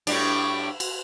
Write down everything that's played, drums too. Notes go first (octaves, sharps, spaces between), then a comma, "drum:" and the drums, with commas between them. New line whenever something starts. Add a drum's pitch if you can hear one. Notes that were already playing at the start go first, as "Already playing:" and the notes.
A2 G3 D4, drum: cymbal
drum: cymbal